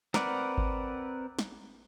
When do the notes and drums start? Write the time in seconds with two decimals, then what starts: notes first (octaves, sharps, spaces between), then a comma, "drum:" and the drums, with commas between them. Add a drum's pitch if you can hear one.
0.14 C4 A#4 B4 D5 F#5, drum: snare
0.58 drum: kick G#1
1.39 drum: snare